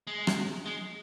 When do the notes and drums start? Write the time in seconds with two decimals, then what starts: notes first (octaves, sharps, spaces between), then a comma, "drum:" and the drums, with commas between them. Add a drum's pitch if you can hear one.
0.07 G#3
0.27 drum: rim click
0.66 G#3